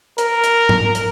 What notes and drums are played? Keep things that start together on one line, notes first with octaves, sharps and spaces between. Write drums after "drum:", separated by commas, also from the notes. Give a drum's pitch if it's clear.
A#4, drum: hi-hat
drum: hi-hat
drum: tom G#2
drum: hi-hat